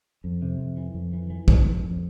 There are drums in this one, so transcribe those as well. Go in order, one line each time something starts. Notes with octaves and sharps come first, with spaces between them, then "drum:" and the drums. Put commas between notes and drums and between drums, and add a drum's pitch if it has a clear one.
F2
C3
F2
E3
F2
E3
E3
E3, drum: kick
F2
F2